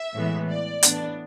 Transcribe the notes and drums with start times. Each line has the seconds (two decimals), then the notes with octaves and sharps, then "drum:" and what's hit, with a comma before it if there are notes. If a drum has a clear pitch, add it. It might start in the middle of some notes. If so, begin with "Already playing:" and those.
Already playing: E5
0.15 A2 E3 G#3 B3
0.49 D5
0.83 A2 E3 B3 D4, drum: hi-hat